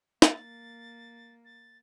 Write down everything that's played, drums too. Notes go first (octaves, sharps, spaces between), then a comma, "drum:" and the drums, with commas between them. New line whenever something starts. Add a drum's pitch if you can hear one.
A#3 A6, drum: snare
A6